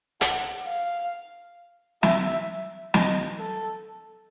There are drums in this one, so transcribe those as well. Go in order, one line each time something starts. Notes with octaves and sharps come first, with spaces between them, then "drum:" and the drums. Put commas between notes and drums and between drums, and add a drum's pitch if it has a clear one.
F#5, drum: hi-hat
F5
E5, drum: snare
D#5, drum: snare
A4